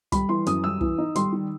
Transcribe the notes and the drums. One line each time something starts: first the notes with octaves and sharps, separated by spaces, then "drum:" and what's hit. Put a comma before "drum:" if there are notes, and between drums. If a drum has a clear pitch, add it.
G3 B5, drum: kick, hi-hat
E3 C6
F#2 D#6, drum: hi-hat
G3 E6
E3, drum: kick
D#4
G3 C6, drum: hi-hat
D#3